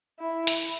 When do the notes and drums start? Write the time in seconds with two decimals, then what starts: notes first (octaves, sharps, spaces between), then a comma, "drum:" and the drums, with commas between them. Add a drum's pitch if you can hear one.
0.19 E4
0.47 drum: hi-hat